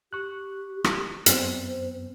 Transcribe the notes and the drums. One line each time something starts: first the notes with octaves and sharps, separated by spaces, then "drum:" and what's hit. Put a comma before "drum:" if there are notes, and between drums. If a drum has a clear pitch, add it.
G4 C#6 F#6
drum: rim click
F#2 B3 C4 C5, drum: hi-hat